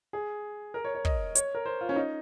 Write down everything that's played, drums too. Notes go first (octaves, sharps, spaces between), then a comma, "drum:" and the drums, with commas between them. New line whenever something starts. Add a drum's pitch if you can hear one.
G#4
A#4
C#5
C#5
D#5, drum: kick
C#5, drum: hi-hat
A#4
C5
F4
C#4
D#4